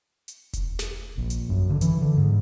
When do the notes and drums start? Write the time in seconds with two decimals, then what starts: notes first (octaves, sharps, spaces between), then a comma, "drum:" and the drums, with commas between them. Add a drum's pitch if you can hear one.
0.28 drum: hi-hat
0.53 drum: kick E1, hi-hat
0.79 drum: snare
1.17 A#1
1.30 drum: hi-hat
1.49 F#2
1.70 D3
1.81 E3, drum: hi-hat
2.01 D3
2.17 G#2